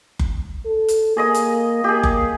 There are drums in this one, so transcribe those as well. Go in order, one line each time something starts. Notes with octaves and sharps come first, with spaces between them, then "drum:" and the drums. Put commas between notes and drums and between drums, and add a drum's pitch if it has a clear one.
drum: kick F#1
A4
drum: hi-hat
A#3 G#4 D#5 D#6
drum: hi-hat
A#3 G4 G#4
drum: kick F#1